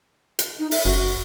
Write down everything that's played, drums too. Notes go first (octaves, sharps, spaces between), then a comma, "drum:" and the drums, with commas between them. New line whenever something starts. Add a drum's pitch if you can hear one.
drum: hi-hat
D#4
E5, drum: open hi-hat
F#1 F#4